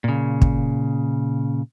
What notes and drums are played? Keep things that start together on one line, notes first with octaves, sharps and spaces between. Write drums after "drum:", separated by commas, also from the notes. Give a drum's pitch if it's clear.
A#2 C#3
drum: kick